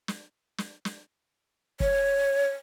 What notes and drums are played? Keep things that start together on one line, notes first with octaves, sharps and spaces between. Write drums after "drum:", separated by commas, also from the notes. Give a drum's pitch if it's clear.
drum: snare
drum: snare
drum: snare
C#5, drum: kick